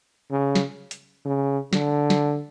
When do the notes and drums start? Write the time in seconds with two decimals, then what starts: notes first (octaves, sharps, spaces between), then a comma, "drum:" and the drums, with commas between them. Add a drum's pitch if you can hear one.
0.31 C#3
0.55 drum: snare
0.91 drum: hi-hat
1.26 C#3
1.73 D3, drum: snare
2.10 drum: snare